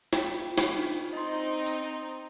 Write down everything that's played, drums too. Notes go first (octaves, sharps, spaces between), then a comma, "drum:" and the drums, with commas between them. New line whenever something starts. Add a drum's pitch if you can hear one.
F4 G5, drum: snare
drum: snare
D4 D#4 F4
C4 D#4 D#5 C6
drum: tambourine